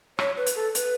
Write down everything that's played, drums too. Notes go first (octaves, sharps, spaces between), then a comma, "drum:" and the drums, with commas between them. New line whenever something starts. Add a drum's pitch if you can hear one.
C#5, drum: rim click
B4
drum: hi-hat
A4
B4, drum: hi-hat